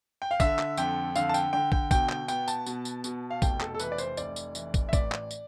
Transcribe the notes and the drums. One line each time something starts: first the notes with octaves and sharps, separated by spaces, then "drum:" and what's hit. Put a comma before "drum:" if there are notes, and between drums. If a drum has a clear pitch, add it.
G5
F5
D3 E5, drum: kick, tambourine
drum: clap
F2 G5, drum: tambourine
D3 F5, drum: tambourine
A5
G5, drum: tambourine
D3 G5
G5, drum: kick
B2 G5, drum: kick, tambourine
G5, drum: clap
B3 G5, drum: tambourine
A5, drum: tambourine
B2, drum: tambourine
drum: tambourine
B2, drum: tambourine
F5
F1 G5, drum: kick, tambourine
A4, drum: clap
A4
E3 B4, drum: tambourine
D5
C5, drum: tambourine
F1 D5, drum: tambourine
drum: tambourine
E3, drum: tambourine
drum: kick, tambourine
E5
A1 D5, drum: kick, tambourine
drum: clap
drum: tambourine